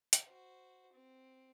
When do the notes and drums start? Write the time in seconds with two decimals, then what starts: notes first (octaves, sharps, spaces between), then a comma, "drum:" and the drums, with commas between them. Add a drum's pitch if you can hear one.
0.13 drum: hi-hat
0.24 F#4 C5
0.93 C4